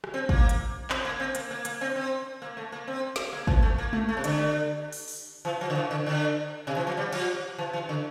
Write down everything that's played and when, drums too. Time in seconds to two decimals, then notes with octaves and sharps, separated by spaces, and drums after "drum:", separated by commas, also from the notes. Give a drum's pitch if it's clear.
0.04 drum: rim click
0.14 C4
0.29 A#3, drum: kick
0.49 drum: hi-hat
0.90 C4, drum: clap
1.05 A#3
1.20 C4
1.35 A#3, drum: hi-hat
1.51 A#3
1.65 A#3, drum: hi-hat
1.81 C4
1.96 C4
2.42 A#3
2.57 A3
2.72 A#3
2.87 C4
3.16 drum: snare
3.33 A#3
3.47 E3, drum: kick
3.62 A3
3.78 A#3
3.93 A3, drum: tom G#3
4.09 A3
4.17 C3
4.24 D3, drum: hi-hat
4.93 drum: open hi-hat
5.08 drum: open hi-hat
5.45 E3
5.61 F3
5.70 D3
5.75 E3
5.91 D3
6.06 D3
6.67 C3
6.77 E3
6.87 F3
6.97 G3
7.13 F3, drum: cymbal
7.58 E3
7.73 E3
7.89 D3